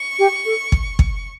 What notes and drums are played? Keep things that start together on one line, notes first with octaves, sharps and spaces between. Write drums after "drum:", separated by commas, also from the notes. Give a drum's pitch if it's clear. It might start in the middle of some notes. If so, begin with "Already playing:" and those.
Already playing: C#6
G4
A4
drum: kick
drum: kick